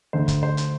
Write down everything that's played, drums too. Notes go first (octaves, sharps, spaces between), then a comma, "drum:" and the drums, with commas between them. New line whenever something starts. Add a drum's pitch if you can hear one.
D2 D3 A3 C5
drum: kick, hi-hat
C5
drum: hi-hat